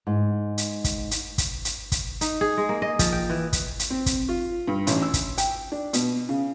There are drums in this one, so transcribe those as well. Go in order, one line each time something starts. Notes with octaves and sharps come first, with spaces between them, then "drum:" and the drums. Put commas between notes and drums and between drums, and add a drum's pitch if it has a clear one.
G#2
drum: hi-hat
drum: kick, hi-hat
drum: hi-hat
drum: kick, hi-hat
drum: hi-hat
drum: kick, hi-hat
D#4, drum: hi-hat
G#4
G#3
A#3
D#5
F3, drum: kick, hi-hat
G5
E3
drum: kick, hi-hat
drum: hi-hat
C4
drum: kick, hi-hat
F4
G2
A1, drum: hi-hat
E6
drum: kick, hi-hat
G5, drum: hi-hat
D4
B2, drum: hi-hat
C#3